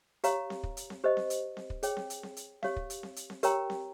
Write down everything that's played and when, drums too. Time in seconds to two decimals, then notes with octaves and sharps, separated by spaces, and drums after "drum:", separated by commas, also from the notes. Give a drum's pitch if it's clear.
0.24 G4 C#5 F5 A#5, drum: hi-hat
0.50 drum: snare C4
0.63 drum: kick
0.77 drum: hi-hat
0.90 drum: snare C4
1.04 G4 C5 D#5
1.17 drum: snare C4
1.30 drum: hi-hat
1.57 drum: snare C4
1.70 drum: kick
1.83 G#4 C#5 G5, drum: hi-hat
1.97 drum: snare C4
2.10 drum: hi-hat
2.23 drum: snare C4
2.37 drum: hi-hat
2.63 G4 C#5 F5, drum: snare C4
2.76 drum: kick
2.90 drum: hi-hat
3.03 drum: snare C4
3.16 drum: hi-hat
3.30 drum: snare C4
3.43 G4 A#4 C#5 G5 A#5, drum: hi-hat
3.70 drum: snare C4